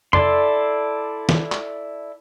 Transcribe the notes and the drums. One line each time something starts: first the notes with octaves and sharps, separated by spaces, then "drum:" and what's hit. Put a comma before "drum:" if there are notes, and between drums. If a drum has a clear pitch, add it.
E4 A4 D5 C6, drum: tom F2
drum: snare
drum: clap